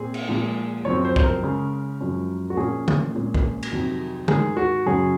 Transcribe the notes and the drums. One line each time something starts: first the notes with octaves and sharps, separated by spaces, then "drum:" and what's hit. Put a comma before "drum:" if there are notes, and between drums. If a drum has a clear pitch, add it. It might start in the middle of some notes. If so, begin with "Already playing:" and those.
Already playing: A#2 C4 G#4
drum: cymbal
A#2 F3 G#3
F#2 F3 C4 C#5
C5
C5, drum: kick
A#4
C#3 G#3 C#4
F#2 F3 G#3 C#4
F#4
A#2 F3 A#3 C#4 G#4
drum: tom
A#2 G#3 C#4
drum: kick
drum: cymbal
F2 C3 D#3 F#3
G#2 D#3 G#3 G#4, drum: tom
F#4
F#2 C#3 F#3 C#4 G#4